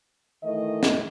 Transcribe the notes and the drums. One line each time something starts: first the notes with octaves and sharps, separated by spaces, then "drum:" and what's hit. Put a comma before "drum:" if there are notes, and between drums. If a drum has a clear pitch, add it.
D#3 E3 A3 D#5
drum: snare